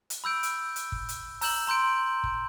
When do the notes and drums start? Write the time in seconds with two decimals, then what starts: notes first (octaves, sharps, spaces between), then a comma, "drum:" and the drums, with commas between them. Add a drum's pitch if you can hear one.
0.10 drum: hi-hat
0.24 B5 E6 G6 D7
0.43 drum: hi-hat
0.76 drum: hi-hat
0.92 drum: kick
1.09 drum: hi-hat
1.41 A#5 E6 G6 E7 F#7, drum: open hi-hat
1.67 A#5 C6 G6 D7
2.24 drum: kick